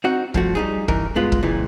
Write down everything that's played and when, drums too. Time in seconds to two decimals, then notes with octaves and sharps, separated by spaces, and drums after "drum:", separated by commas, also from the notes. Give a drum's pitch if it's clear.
0.04 C4 D#4 F#4
0.34 G2 F3 A3 F#4, drum: kick
0.55 G3 D#4 G#4
0.88 G2 E3 D#4 A#4, drum: kick
1.15 G2 G#3 B3 F4
1.32 drum: kick
1.43 C#2 A#2 E3